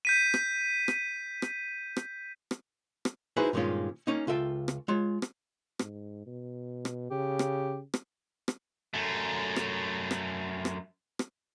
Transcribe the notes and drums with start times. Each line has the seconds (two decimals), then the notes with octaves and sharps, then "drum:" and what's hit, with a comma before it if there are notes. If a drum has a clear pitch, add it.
0.05 G6 B6 D#7
0.34 drum: rim click
0.88 drum: rim click
1.42 drum: rim click
1.97 drum: rim click
2.51 drum: rim click
3.05 drum: rim click
3.37 D#4 E4 F#4 G#4 B4 C5
3.53 G2 A#2 D#3 G#3 C#4 F4
4.07 A#3 C#4 D#4
4.27 C#2 F4 A4 E5 G5
4.68 drum: rim click
4.88 G#3 F4 C#5
5.22 drum: rim click
5.79 G#2, drum: rim click
6.26 B2
6.85 drum: rim click
7.11 C#3 G4
7.39 drum: rim click
7.94 drum: rim click
8.48 drum: rim click
8.94 F#2 A3
9.56 drum: rim click
10.11 drum: rim click
10.65 drum: rim click
11.19 drum: rim click